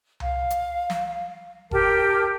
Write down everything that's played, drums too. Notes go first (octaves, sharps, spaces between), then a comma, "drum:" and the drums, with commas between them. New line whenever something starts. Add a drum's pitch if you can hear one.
F5, drum: tom C2
drum: hi-hat
drum: snare
G4 A#4 G5 A5, drum: kick F#1